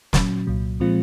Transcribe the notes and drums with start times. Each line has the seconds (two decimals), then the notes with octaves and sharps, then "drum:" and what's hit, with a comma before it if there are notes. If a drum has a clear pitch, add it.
0.13 A#2 F#3 C#4, drum: snare
0.47 C2 A#2 F#3
0.80 A#2 F3 G#3 C4 F4